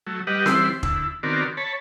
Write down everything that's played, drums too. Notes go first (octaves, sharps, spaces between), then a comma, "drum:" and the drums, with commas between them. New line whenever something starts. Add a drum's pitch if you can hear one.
F#3 A3
G3 G4 B4 D#5 F#5
E3 G3 E4 C6, drum: snare C4
D2 E4, drum: kick E1
D#3 B3 C4 F#4 A#4 D5
C#5 A5 B5